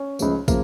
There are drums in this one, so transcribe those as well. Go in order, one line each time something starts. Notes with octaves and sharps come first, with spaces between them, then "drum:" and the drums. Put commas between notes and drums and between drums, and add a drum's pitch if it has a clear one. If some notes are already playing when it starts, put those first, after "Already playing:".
Already playing: C#4
C#2 C#3 F3, drum: tambourine
C#3 F3 A#3, drum: kick, tambourine